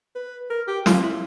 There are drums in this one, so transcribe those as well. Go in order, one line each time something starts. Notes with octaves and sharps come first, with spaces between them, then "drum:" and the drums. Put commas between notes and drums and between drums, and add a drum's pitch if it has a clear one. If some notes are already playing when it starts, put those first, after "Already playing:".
B4
A#4
G4
F4, drum: snare
E4